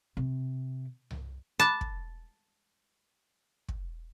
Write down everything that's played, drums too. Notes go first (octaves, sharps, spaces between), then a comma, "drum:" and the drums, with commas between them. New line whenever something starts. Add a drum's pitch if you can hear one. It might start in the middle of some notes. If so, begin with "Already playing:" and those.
C3
drum: tom C2
A5 B5 D6 F#6
drum: kick
drum: kick